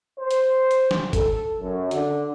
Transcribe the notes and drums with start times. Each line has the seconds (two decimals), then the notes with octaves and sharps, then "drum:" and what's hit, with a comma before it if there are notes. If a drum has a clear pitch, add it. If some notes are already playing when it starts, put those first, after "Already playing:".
0.20 C5
0.31 drum: hi-hat
0.71 drum: hi-hat
0.91 drum: snare
1.13 A4, drum: kick G1, hi-hat
1.60 F#2
1.91 D3, drum: hi-hat